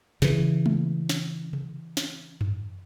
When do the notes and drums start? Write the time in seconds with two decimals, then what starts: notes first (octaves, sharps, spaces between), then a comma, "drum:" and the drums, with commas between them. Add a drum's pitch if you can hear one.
0.22 C#3 E3, drum: snare
0.66 drum: tom G#3
1.09 drum: snare
1.53 drum: tom C3
1.97 drum: snare
2.41 drum: tom F#2